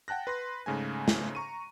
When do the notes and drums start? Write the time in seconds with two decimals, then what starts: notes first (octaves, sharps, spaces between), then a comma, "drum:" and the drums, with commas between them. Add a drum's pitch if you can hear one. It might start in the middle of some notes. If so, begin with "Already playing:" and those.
0.08 F#5 G5 A5 F#6 A#6
0.27 B4 C6 A#6
0.66 G#2 C#3 A3 G#5
1.08 drum: snare
1.35 A#5 C#6 D#7